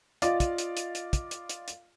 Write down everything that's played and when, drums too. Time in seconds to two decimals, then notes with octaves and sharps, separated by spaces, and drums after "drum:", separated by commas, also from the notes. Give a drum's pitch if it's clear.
0.22 F4 D5 D#5 F5, drum: hi-hat
0.40 drum: kick, hi-hat
0.58 drum: hi-hat
0.77 drum: hi-hat
0.95 drum: hi-hat
1.13 drum: kick, hi-hat
1.31 drum: hi-hat
1.49 drum: hi-hat
1.68 drum: hi-hat